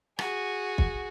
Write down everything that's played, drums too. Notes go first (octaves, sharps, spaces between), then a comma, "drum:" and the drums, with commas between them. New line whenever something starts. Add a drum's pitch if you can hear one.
F#4 G#4, drum: rim click
drum: kick